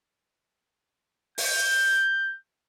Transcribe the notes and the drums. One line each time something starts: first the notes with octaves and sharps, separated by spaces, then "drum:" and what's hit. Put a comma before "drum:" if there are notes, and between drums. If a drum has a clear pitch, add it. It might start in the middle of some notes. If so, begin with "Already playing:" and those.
G6, drum: open hi-hat